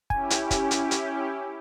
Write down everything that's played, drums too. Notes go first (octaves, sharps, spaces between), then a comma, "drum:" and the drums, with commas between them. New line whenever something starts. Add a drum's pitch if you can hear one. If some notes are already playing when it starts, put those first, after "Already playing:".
C#4 E4 G4 G#5, drum: kick
drum: hi-hat
drum: kick, hi-hat
drum: hi-hat
drum: hi-hat